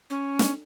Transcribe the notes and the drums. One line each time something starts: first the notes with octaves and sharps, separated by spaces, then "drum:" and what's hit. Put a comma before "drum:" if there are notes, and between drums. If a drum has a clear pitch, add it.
C#4
drum: snare